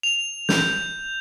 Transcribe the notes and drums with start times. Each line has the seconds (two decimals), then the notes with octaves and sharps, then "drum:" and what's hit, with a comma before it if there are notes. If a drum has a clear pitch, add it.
0.03 F7
0.49 G6, drum: snare